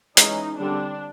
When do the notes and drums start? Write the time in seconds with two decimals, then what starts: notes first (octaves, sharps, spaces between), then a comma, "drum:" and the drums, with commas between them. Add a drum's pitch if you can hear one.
0.17 E3 G#3 C#4 D#4, drum: hi-hat
0.59 D3 G3 C4 D4